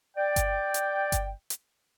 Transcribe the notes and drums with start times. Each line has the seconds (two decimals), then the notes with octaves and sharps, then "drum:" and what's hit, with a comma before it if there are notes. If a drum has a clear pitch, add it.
0.17 D5 G5
0.36 drum: kick G1, hi-hat
0.74 drum: hi-hat
1.12 drum: kick G1, hi-hat
1.50 drum: hi-hat